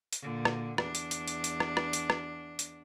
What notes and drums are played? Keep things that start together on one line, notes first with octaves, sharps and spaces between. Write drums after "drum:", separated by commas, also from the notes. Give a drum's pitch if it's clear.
drum: hi-hat
A#2 D3
drum: rim click
E2 D4, drum: rim click
drum: hi-hat
drum: hi-hat
drum: hi-hat
drum: hi-hat
drum: rim click
drum: rim click
drum: hi-hat
drum: rim click
drum: hi-hat